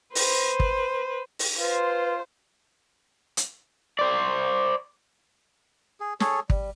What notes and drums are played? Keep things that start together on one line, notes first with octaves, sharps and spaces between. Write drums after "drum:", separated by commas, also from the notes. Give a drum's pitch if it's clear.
B4 C5, drum: open hi-hat
drum: kick
drum: open hi-hat
F4 B4 C5
drum: hi-hat
C5 D5
G#4
G#4 A4 C#5, drum: snare
G3, drum: kick